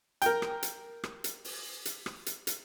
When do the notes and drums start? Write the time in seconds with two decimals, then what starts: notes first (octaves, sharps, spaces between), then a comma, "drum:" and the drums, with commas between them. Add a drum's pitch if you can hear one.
0.22 A#4 G5, drum: hi-hat
0.42 drum: rim click
0.63 drum: hi-hat
1.04 drum: rim click
1.24 drum: hi-hat
1.44 drum: open hi-hat
1.85 drum: hi-hat
2.06 drum: rim click
2.26 drum: hi-hat
2.47 drum: hi-hat